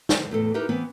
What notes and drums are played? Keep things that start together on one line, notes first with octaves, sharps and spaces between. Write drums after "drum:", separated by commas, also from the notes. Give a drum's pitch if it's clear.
C5, drum: snare
E2 A2 A4
D#4 E4 G4 A#4 B4
E3 B3 C4